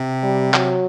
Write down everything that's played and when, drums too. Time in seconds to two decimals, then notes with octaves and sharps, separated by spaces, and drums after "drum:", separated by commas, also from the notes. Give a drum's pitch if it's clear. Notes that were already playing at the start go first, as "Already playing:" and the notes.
Already playing: C3
0.23 G3
0.54 F#3, drum: clap